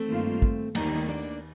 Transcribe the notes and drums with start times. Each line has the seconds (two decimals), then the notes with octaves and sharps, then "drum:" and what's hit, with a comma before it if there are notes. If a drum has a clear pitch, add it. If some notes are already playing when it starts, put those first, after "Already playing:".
Already playing: A3 C4
0.09 G2 D#3 A#3 F4
0.42 drum: kick
0.75 D#2 D#3 G3 A3 A#3 D#4, drum: cymbal
1.08 A#3 D4